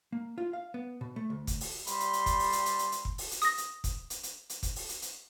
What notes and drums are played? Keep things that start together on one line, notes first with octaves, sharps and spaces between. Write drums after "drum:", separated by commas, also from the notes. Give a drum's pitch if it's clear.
A#3
F4
F5
B3
B2
A3
D2
drum: kick, hi-hat
drum: open hi-hat
G3 B5 C6, drum: hi-hat
drum: hi-hat
drum: hi-hat
drum: kick, hi-hat
drum: open hi-hat
drum: hi-hat
drum: hi-hat
drum: hi-hat
drum: hi-hat
drum: kick
drum: open hi-hat
drum: hi-hat
D#6 A#6, drum: hi-hat
drum: hi-hat
drum: kick, hi-hat
drum: hi-hat
drum: hi-hat
drum: hi-hat
drum: kick, hi-hat
drum: open hi-hat
drum: hi-hat
drum: hi-hat